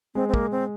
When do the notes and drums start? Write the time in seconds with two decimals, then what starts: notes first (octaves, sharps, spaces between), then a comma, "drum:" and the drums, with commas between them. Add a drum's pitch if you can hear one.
0.15 G#3 C4
0.28 C4
0.34 A#3, drum: kick
0.52 C4